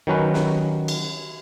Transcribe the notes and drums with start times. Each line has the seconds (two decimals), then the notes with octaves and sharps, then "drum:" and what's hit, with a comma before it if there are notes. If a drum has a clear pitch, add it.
0.07 D#3 F#3 C#4 B4
0.34 drum: snare
0.88 drum: cymbal